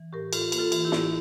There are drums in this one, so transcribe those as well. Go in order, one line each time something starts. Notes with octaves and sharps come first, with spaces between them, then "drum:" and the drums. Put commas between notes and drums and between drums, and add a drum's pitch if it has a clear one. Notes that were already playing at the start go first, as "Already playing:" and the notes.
Already playing: E3
A2 G4 A#4
A2 F4 A4, drum: cymbal
A#3, drum: cymbal
F4 A4
E3, drum: cymbal
E4 G4
A2, drum: snare